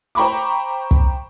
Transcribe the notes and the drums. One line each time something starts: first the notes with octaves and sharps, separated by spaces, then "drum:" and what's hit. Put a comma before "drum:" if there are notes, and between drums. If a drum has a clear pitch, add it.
C5 G5 A#5 B5 C#6 D6
drum: kick